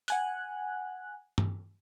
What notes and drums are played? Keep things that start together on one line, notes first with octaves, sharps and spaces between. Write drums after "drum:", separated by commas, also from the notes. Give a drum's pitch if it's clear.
F#5 G#5 F#6, drum: hi-hat
drum: tom G2